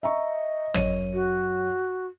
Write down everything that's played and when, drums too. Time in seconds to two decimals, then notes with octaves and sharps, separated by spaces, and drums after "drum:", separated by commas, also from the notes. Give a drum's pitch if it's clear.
0.03 D#5 E5 A#5 C#6
0.74 F#2 C#5 D#7, drum: tom G#1
1.14 F#4